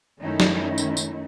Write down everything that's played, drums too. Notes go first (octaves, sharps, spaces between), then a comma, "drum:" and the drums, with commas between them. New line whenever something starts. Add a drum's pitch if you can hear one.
F#2 D#3 A3 C#4 D#4 E4
drum: snare
drum: tambourine
drum: tambourine